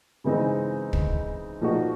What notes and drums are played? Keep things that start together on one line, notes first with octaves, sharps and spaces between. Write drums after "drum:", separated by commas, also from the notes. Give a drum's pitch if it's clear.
C#3 E3 G#3 C4 D#4
drum: kick
A#2 F3 A#3 D#4 F#4